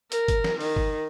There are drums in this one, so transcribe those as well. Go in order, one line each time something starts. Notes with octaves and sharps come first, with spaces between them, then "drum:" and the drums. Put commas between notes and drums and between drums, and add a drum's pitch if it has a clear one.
A#4, drum: hi-hat
drum: kick, hi-hat
drum: snare
D#3, drum: open hi-hat
drum: kick